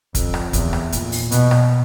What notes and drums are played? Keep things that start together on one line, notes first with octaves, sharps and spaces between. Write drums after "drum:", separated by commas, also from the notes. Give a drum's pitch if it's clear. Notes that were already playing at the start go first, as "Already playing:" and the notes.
F2, drum: kick, hi-hat
drum: rim click
E2, drum: kick, hi-hat
drum: rim click
A#2, drum: hi-hat
drum: open hi-hat
B2, drum: hi-hat
drum: rim click